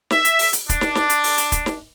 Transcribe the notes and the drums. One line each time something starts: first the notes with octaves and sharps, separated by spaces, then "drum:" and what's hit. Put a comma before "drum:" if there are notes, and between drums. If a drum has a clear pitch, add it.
E5, drum: snare
drum: hi-hat
drum: open hi-hat
drum: hi-hat
D4, drum: kick, hi-hat
drum: snare
drum: snare
drum: hi-hat
drum: open hi-hat
drum: hi-hat
drum: kick, hi-hat
drum: snare